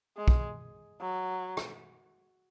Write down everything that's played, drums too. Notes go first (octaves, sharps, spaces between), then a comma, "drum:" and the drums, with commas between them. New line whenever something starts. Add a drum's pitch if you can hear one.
G#3
drum: kick
F#3
drum: rim click